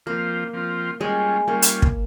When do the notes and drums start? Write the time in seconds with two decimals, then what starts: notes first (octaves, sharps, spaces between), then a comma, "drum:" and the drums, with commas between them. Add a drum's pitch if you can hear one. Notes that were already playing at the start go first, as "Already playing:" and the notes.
0.06 F3 A#3 C4 F4
0.53 F3 C4 F4
1.00 G3 G#3 C#4 F4
1.47 G3 A#3 C#4 F4
1.62 drum: hi-hat
1.82 drum: kick